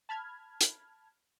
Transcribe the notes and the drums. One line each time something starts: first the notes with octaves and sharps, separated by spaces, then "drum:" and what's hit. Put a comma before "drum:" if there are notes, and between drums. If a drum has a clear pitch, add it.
A5 B5 F6 G#6
drum: hi-hat